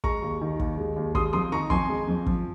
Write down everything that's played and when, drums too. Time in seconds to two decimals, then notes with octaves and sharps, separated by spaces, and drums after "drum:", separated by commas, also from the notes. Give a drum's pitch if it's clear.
0.04 G#3 A#5 C#6, drum: kick
0.22 D#2
0.41 D#3
0.59 D#2, drum: kick
0.78 G#3
0.96 D#2
1.15 G#3 C6 D#6, drum: kick
1.33 F2 C6 D#6
1.52 D#3 A#5 C#6
1.70 F2 G#5 C6, drum: kick
1.89 G#3
2.08 F2
2.26 F3, drum: kick